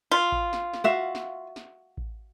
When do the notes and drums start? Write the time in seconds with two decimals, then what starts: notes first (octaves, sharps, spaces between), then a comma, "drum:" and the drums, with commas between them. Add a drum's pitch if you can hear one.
0.11 F4
0.32 drum: kick A1
0.53 drum: snare
0.73 drum: snare
0.84 F#4 E5 F5
1.15 drum: snare
1.56 drum: snare
1.97 drum: kick A1